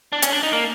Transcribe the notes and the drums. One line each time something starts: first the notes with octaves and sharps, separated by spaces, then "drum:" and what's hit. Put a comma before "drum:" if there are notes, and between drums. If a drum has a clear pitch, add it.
D4
C#4, drum: hi-hat
D4
D#4
A#3